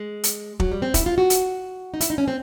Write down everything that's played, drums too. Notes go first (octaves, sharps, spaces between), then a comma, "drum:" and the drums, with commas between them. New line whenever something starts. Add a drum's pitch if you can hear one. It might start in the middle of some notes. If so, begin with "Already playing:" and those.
Already playing: G#3
drum: hi-hat
F#3, drum: kick
G3
C4
E4, drum: kick, hi-hat
F4
F#4
drum: hi-hat
D#4
E4, drum: hi-hat
D#4
C#4
C4